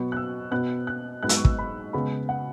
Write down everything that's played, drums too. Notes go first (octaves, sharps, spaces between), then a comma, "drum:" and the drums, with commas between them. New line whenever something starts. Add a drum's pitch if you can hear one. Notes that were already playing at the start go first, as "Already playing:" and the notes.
Already playing: B2 F#3 B3 C#6
F#6
E6
B2 B3 F#6
F#6
G#2 F#3 B3 F#6
E6, drum: hi-hat
C#6
E6, drum: kick
B5
C#3 G#3 B3 B5
F#5